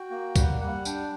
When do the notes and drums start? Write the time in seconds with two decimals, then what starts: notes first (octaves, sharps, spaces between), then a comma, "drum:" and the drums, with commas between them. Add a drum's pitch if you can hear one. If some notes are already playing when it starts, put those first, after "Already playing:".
Already playing: F#4 G5
0.10 A#3
0.36 G3 F#5, drum: kick, tambourine
0.61 G3 F#5
0.85 D4 G5, drum: tambourine